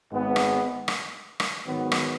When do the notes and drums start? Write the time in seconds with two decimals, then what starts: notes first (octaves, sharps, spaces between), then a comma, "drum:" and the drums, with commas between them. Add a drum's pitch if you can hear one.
0.10 G#1 G#2 G#3 B3
0.36 drum: rim click
0.88 drum: rim click
1.40 drum: rim click
1.65 G#2 D#3 F#3 B3
1.92 drum: rim click